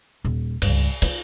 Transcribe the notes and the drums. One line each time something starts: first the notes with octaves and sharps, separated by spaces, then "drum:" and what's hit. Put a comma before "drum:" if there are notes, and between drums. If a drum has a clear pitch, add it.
D#1
C#2 G2, drum: cymbal
D#4 F4, drum: cymbal